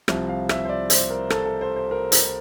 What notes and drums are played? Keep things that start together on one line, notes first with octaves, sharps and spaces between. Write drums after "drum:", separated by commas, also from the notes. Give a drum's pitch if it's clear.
C2 C3 F3 E5, drum: rim click
F5
E5, drum: rim click
C5
D5
C5, drum: hi-hat
A#4
A4, drum: rim click
A4
C5
C5
A#4
drum: hi-hat